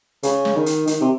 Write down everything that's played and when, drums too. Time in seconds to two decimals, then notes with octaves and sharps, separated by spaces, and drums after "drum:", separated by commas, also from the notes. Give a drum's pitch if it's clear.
0.23 C#3, drum: hi-hat
0.45 drum: snare
0.56 D#3
0.66 drum: hi-hat
0.87 D#3, drum: hi-hat
1.01 C3